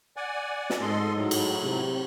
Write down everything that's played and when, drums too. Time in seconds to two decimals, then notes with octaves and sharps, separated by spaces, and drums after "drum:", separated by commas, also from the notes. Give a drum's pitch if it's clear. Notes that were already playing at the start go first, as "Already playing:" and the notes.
0.17 D5 F#5 G#5
0.70 drum: snare
0.81 G#2 A4 D#5 C6
1.16 A2 F#3
1.31 drum: cymbal
1.62 C3